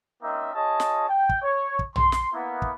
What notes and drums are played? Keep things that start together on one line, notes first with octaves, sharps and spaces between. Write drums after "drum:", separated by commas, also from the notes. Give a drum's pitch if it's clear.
A#3 C4 C#4 D#4 D#5 E5
F4 G#4 C#5 D#5 A5
drum: snare
G5
drum: kick
C#5
drum: kick
C6, drum: tom A#1
drum: snare
A#3 B3 E4
drum: kick